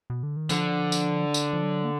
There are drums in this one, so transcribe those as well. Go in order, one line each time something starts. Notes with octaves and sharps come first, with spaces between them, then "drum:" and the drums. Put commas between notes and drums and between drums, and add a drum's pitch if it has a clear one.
B2
D3
D#3
D3 F3, drum: tambourine
drum: tambourine
drum: tambourine
F3
F#3
A#3